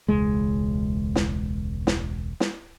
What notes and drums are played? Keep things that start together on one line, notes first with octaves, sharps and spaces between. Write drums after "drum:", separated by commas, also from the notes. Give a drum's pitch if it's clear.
E1 C#2 G#3
drum: snare
drum: snare
drum: snare